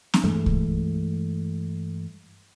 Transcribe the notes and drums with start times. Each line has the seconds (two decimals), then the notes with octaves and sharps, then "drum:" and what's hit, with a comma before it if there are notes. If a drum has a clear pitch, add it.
0.14 drum: snare C4
0.24 G2 E3 G#3 A3
0.46 drum: kick C2